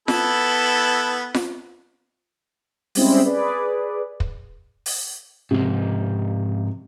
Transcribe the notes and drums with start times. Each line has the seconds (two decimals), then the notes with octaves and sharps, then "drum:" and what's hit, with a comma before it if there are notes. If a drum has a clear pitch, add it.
0.08 B3 E4 A4, drum: snare F4
1.34 drum: snare F4
2.95 G3 G#3 C4 C#4 E4, drum: open hi-hat
3.25 G#4 B4 D5
4.20 drum: kick
4.86 drum: open hi-hat
5.51 G#2 C3 F3